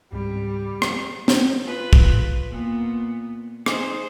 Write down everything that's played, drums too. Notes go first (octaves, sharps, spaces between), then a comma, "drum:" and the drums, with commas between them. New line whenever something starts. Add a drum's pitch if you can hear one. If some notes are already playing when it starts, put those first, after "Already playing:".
C#2 G#2 G3 C4
drum: rim click
drum: snare
F4 B4
drum: kick
A#2 B3
D#4 G#4 C5, drum: rim click